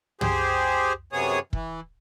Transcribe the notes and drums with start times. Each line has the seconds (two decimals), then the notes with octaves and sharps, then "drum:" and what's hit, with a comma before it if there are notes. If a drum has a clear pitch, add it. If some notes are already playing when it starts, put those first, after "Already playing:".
0.21 G4 G#4 C5, drum: tom
1.13 F#2 C3 B3 G#4 C#5 D#6
1.53 E3, drum: kick